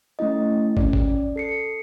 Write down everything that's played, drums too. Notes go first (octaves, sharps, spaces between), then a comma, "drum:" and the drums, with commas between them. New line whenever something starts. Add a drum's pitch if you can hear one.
A3 C#4 E4 D#5
C#4 D5, drum: kick
drum: kick
A4 C7 C#7